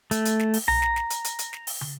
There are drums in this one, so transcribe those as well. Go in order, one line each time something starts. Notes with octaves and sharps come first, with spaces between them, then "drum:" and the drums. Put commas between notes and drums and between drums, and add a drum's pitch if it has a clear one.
A3, drum: hi-hat
drum: hi-hat
drum: snare
drum: open hi-hat
A#5, drum: tom B1
drum: snare
drum: snare
drum: hi-hat
drum: hi-hat
drum: hi-hat
drum: snare
drum: open hi-hat
drum: tom